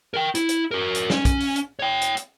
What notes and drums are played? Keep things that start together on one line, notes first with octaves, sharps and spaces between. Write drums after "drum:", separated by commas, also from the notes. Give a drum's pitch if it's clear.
A#4 G5
E4, drum: hi-hat
drum: hi-hat
F#4 A#4
drum: hi-hat
C#4, drum: snare
drum: kick, hi-hat
drum: open hi-hat
drum: hi-hat
C#5 G5
drum: hi-hat
drum: hi-hat